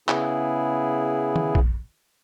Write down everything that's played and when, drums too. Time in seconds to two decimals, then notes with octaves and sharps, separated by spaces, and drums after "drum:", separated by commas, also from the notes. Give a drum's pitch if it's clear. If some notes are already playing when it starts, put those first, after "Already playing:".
0.08 C#3 B3 E4 G#4, drum: clap
1.36 drum: tom D#3
1.55 drum: kick A#1